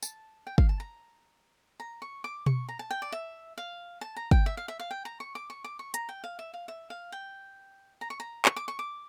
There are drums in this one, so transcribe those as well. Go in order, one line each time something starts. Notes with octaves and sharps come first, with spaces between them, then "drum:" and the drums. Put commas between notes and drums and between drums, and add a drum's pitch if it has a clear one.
A5, drum: tambourine
G5
F5, drum: kick
A5
A#5
A#5
C#6
D6
C#6, drum: tom B2
A#5
A5
G5
D5
E5
F5
A5
A#5
G5, drum: kick
E5
F5
E5
F5
G5
A#5
C#6
D6
C#6
D6
C#6
A#5, drum: hi-hat
G5
F5
E5
F5
E5
F5
G5
A#5
C#6
A#5
C#6, drum: clap
D6
C#6
D6